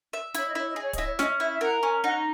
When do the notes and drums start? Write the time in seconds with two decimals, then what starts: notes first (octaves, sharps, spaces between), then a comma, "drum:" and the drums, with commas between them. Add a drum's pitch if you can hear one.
0.13 E5
0.34 E4 C#5, drum: hi-hat
0.46 D#5
0.55 E4 C#5
0.70 D#5
0.76 G#4
0.82 C#5
0.93 E4 D#5, drum: kick, hi-hat
1.05 C#5
1.19 C#4 D#5, drum: snare
1.40 E4 E5
1.53 E5
1.61 A#4 F#5
1.82 C#4 G#5
2.04 D#4 F#5